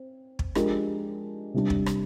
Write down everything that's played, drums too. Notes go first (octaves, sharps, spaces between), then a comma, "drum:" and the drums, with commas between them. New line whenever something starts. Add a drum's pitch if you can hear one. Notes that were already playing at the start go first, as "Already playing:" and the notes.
Already playing: C4
drum: kick
F3 G#3 D4 G4 A#4, drum: rim click
C3 G3 D4
drum: kick
drum: rim click